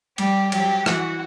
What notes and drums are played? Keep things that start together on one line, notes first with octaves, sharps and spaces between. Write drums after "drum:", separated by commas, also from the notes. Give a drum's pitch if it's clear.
G3 G4, drum: cymbal
F#3 G4, drum: cymbal
E3 F#4, drum: rim click